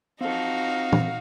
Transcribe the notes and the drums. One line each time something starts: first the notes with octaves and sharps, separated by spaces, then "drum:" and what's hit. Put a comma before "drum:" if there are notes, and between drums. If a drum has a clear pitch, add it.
C4 D#4 F#4 A4 F5
drum: tom